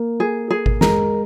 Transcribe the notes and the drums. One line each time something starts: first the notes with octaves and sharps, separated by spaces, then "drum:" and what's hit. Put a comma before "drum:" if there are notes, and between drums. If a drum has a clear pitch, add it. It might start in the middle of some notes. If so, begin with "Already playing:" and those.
Already playing: A#3
G#4
G#4
drum: kick G#1
G#3 A#4, drum: snare